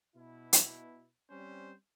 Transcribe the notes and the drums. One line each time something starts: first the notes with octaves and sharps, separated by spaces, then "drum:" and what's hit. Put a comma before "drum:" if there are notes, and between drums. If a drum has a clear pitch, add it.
B2 E4
drum: hi-hat
G3 C4 C#4 C5